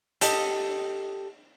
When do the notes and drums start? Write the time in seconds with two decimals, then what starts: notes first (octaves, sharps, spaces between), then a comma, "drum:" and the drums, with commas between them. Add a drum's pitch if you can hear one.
0.21 G4 A4 D#5, drum: hi-hat